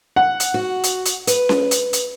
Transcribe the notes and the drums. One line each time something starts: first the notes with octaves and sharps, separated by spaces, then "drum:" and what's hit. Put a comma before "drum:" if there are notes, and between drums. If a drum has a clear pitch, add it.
F#5
drum: hi-hat
F#4
drum: hi-hat
drum: hi-hat
B4, drum: hi-hat
drum: snare C#4
drum: hi-hat
drum: hi-hat